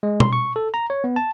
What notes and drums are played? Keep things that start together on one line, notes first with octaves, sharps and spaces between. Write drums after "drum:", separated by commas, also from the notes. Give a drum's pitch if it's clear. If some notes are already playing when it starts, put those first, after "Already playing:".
G#3
C6, drum: tom B2
C#6
A4
A#5
C#5
B3
A5